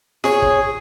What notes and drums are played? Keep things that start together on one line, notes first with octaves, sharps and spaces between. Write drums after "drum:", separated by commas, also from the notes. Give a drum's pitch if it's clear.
G#4 C#5, drum: snare F4
drum: kick